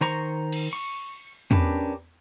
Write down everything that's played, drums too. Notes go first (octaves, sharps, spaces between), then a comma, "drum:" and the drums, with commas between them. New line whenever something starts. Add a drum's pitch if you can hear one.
D#3 C5 A#5 C#6
drum: cymbal
C#6
C#4 D4 G4 A#4 B4, drum: tom E2